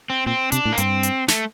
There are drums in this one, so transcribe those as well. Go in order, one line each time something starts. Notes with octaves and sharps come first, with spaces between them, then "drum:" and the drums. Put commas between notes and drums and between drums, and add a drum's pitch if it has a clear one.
C4
A#2 C4
C3 D4, drum: hi-hat
A2
A#3
G2 C4, drum: hi-hat
drum: hi-hat
A3, drum: snare